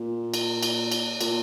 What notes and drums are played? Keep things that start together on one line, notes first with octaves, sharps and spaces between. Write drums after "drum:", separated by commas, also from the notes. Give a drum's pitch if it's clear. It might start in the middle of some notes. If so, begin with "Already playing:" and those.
Already playing: A#2
drum: cymbal
drum: cymbal
drum: cymbal
A#2, drum: cymbal